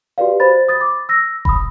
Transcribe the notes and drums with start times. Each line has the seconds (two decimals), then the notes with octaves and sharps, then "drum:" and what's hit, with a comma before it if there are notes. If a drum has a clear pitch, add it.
0.18 F#4 G4 B4 D5 F5
0.40 C5 B5 A6
0.68 D#6 A6
0.81 D6
1.09 E6 A#6
1.45 B5 D#6, drum: kick F1